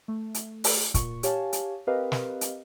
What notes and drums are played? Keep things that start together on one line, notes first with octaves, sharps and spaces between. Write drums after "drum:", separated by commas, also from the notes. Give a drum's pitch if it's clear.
A3
drum: hi-hat
drum: open hi-hat
A#2 C#6, drum: kick, hi-hat
G4 C#5 F5 G#5 A5, drum: hi-hat
drum: hi-hat
C4 G4 A#4 B4 D#5 F5
drum: snare
drum: hi-hat